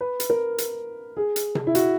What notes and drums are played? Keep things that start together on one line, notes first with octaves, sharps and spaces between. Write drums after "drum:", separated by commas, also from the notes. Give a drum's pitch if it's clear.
B4
drum: hi-hat
A#4
drum: hi-hat
G#4
drum: hi-hat
drum: tom C3
E4
F#4, drum: hi-hat